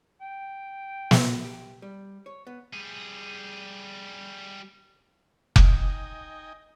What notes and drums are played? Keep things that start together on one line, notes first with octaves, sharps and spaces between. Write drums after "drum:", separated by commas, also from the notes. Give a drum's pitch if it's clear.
G5
drum: snare
G4
G3
C#5
B3
G3 G#4
D#4 D#5 G5 G#5, drum: kick F1